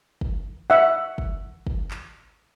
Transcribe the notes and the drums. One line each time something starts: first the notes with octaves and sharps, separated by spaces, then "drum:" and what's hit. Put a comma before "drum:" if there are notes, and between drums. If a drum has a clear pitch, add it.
drum: kick
E5 F#5
drum: kick
drum: kick
drum: clap